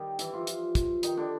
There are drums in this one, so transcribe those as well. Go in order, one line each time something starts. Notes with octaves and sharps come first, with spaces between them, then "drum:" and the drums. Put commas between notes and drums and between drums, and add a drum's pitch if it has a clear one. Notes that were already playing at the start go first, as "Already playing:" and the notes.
Already playing: D#3 G3 D#4 G4
E3 E4, drum: hi-hat
F3 F4
drum: hi-hat
drum: kick, hi-hat
D#3 D#4, drum: hi-hat
D3 D4